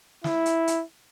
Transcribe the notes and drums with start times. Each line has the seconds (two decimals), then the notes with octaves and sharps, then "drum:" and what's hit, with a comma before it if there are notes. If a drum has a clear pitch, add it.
0.24 E4, drum: snare
0.46 drum: hi-hat
0.67 drum: hi-hat